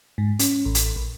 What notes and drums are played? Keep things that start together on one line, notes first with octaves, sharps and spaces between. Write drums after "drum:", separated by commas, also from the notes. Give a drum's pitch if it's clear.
G#2
C#4, drum: hi-hat
A1
drum: hi-hat
A#1